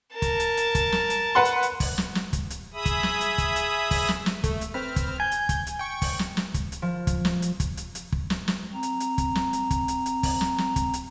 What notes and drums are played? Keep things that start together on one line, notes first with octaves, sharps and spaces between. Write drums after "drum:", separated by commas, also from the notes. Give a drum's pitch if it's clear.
A#4 A5
drum: kick, hi-hat
drum: hi-hat
drum: hi-hat
drum: kick, hi-hat
drum: snare
drum: hi-hat
B4 F#5 C6
drum: hi-hat
drum: hi-hat
drum: kick, open hi-hat
drum: snare
drum: snare
drum: kick, hi-hat
drum: hi-hat
G#4 E5 B5 D#6
drum: kick, hi-hat
drum: snare
drum: hi-hat
drum: kick, hi-hat
drum: hi-hat
drum: kick, open hi-hat
drum: snare
drum: snare
A3, drum: kick, hi-hat
drum: hi-hat
C4 B4 F6
drum: kick, hi-hat
G#5 G6
drum: hi-hat
drum: kick, hi-hat
drum: hi-hat
G5 C#6
drum: kick, open hi-hat
drum: snare
drum: snare
drum: kick, hi-hat
drum: hi-hat
F3
drum: kick, hi-hat
drum: snare
drum: hi-hat
drum: kick, hi-hat
drum: hi-hat
drum: hi-hat
drum: kick
drum: snare
drum: snare
C4 A#5
drum: hi-hat
drum: hi-hat
drum: kick, hi-hat
drum: snare
drum: hi-hat
drum: kick, hi-hat
drum: hi-hat
drum: hi-hat
drum: kick, open hi-hat
drum: snare
drum: snare
drum: kick, hi-hat
drum: hi-hat